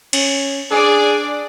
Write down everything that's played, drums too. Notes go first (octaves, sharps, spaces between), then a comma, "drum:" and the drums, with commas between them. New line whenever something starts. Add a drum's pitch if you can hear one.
C#4, drum: cymbal
D4 G#4 D5 G#5